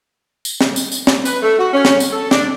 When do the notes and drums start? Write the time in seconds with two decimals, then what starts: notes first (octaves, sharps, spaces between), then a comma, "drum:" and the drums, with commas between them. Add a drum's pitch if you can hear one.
0.45 drum: tambourine
0.61 drum: snare
0.76 drum: tambourine
0.92 drum: tambourine
1.07 drum: snare
1.25 B4, drum: tambourine
1.42 A3
1.59 F#4
1.73 C#4
1.85 drum: snare
2.00 drum: tambourine
2.13 A4
2.31 D4, drum: snare